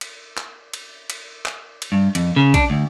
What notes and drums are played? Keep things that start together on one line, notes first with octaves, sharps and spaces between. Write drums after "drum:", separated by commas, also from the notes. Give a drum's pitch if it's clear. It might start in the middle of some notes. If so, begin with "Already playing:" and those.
drum: cymbal
drum: clap
drum: cymbal
drum: cymbal
drum: clap
drum: cymbal
G2
F2, drum: cymbal
C#3
D4, drum: kick, cymbal
D2